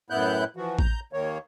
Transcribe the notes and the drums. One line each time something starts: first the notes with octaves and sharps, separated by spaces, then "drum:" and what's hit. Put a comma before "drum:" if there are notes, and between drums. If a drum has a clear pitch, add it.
F#2 A2 B3 E4 F#6 G6
E3 F3 F#4
A#5 G6, drum: kick A1
D#2 D#3 A#3 C#5